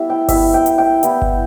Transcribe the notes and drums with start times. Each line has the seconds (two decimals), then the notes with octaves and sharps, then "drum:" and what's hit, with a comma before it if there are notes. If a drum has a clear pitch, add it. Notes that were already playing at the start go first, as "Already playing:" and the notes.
Already playing: G3 B3 E4 E5
0.10 G5
0.29 G3 B3 E4 E5, drum: kick G1, open hi-hat
0.54 G5
0.66 drum: hi-hat
0.78 G5
1.03 G3 B3 E4, drum: hi-hat
1.22 drum: kick G1